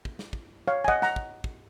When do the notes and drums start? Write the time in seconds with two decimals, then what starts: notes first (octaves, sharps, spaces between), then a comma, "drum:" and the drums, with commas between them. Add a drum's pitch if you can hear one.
0.05 drum: kick
0.19 drum: snare
0.33 drum: kick
0.68 C#5 F5
0.85 G#5
0.88 D#5 F#5, drum: kick
1.02 F#5 A#5, drum: snare
1.16 drum: kick
1.44 drum: kick